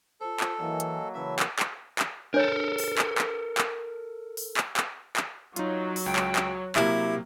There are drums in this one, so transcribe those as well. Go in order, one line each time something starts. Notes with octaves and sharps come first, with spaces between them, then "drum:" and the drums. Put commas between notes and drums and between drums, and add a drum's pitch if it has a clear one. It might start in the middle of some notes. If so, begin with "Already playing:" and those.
F4 A4 C5
drum: clap
E3 F#3 A#3 D#5 G#5
drum: hi-hat
C#3 E3 C#5 E5 A5 B5
drum: clap
drum: clap
drum: clap
D4 A4 A#4 C#5
drum: open hi-hat
drum: clap
drum: clap
drum: clap
drum: open hi-hat
drum: clap
drum: clap
drum: clap
F#3 D#4 F4, drum: hi-hat
drum: open hi-hat
C#2 G5
drum: clap
drum: clap
C3 F#3 A#3 E4 G4, drum: clap